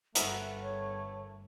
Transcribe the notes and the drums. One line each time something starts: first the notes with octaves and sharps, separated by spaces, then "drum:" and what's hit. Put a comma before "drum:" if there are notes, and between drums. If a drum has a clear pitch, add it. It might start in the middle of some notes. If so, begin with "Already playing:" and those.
G1 A3 B3 A#4 E5 F#5, drum: hi-hat
C#5